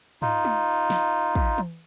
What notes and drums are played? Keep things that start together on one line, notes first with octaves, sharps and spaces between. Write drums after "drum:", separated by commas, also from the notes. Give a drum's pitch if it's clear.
D#4 F4, drum: tom
drum: tom G#3
drum: snare
drum: kick
drum: tom E3